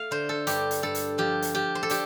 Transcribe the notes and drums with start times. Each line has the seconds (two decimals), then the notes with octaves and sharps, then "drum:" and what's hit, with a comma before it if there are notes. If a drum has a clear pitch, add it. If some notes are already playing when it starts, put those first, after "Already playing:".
Already playing: A3 F5
0.11 D3 C5
0.29 A4
0.47 G2 G4, drum: hi-hat
0.71 drum: hi-hat
0.82 G2 A4
0.95 drum: hi-hat
1.18 F3 G4
1.42 drum: hi-hat
1.54 F3 G4
1.75 C5
1.83 A4
1.90 D4 G4, drum: hi-hat